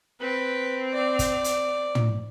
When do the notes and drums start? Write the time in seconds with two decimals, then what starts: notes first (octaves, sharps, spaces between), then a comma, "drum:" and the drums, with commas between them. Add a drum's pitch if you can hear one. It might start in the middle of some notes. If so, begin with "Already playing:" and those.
0.21 C4 B4
0.94 D5
1.19 drum: kick, hi-hat
1.44 drum: hi-hat
1.95 drum: tom